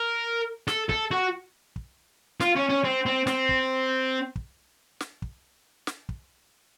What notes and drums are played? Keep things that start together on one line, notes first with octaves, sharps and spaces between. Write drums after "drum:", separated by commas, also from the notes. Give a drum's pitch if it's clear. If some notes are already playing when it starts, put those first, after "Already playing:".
Already playing: A#4
A4, drum: snare
A4, drum: kick
F#4
drum: kick
F4, drum: snare
C#4
C#4
C4
C4
C4, drum: snare
drum: kick
drum: kick
drum: snare
drum: kick
drum: snare
drum: kick